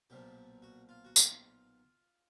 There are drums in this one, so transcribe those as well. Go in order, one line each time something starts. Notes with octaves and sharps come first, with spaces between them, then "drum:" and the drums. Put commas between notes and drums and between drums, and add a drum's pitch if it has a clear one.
B1 A#2 F3 G4
F#4
F4
F#4
F4, drum: tambourine